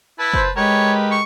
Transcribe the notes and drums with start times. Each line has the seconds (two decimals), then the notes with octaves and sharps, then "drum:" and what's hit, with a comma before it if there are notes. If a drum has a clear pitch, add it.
0.19 E4 B4 A5
0.33 C5, drum: kick
0.57 G#3 G4 A#4 B4 C#5
1.12 C#6